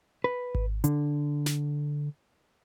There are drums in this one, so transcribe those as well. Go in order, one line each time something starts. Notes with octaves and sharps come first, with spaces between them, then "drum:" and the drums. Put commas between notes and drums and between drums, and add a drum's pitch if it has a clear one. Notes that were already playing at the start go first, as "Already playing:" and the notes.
B4
drum: kick G#1
D3, drum: hi-hat
drum: snare